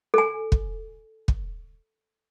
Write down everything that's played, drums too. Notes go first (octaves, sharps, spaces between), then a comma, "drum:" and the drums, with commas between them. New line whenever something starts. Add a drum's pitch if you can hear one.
A4 G#5
drum: kick
drum: kick